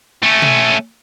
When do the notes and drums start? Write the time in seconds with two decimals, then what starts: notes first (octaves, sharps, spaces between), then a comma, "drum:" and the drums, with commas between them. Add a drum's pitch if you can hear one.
0.23 A3 C#4
0.42 drum: tom B2